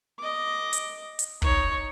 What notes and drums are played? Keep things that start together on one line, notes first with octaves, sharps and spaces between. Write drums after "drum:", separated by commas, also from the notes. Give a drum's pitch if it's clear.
D#5 D6
drum: hi-hat
drum: hi-hat
D#4 C#5, drum: kick